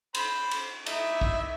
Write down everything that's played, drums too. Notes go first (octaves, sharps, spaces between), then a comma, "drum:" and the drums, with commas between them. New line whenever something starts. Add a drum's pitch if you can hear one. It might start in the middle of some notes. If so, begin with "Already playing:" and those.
C5 B5, drum: cymbal
drum: cymbal
D#4 E4 E5, drum: cymbal
drum: kick